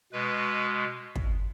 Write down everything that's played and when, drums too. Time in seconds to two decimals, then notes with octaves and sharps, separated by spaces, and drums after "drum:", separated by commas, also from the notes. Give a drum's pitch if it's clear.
0.13 B2 G#3 B4
1.15 drum: kick